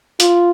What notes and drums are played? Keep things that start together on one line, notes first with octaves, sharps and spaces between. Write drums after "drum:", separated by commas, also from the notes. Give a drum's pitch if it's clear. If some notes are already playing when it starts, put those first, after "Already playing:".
F4, drum: hi-hat